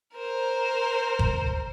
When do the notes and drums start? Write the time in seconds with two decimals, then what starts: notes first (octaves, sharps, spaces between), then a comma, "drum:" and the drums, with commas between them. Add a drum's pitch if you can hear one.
0.15 A#4 C5
1.19 drum: kick